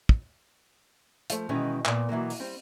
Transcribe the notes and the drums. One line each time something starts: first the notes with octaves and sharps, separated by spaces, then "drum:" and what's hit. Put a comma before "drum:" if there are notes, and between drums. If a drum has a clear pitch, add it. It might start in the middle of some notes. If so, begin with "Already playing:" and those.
drum: kick
F3 A3, drum: hi-hat
B2 D#3 E3 G#3 C#4 D#4
A#2 B3, drum: clap
B2 E3 F#3 A#3
drum: open hi-hat
G3 C4